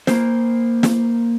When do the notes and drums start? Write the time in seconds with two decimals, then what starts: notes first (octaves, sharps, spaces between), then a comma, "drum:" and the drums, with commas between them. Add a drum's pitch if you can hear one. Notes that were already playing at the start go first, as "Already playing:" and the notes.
0.07 A#3 C5, drum: snare
0.83 drum: snare